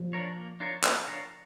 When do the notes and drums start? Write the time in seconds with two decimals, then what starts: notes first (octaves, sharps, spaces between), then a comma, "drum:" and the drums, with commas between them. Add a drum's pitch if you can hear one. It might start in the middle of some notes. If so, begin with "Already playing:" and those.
Already playing: F3
0.13 D4 F4 A#4 C#5
0.37 A#3
0.60 D4 F4 A#4 C#5
0.83 A#3, drum: clap
1.07 D4 F4 A#4 C#5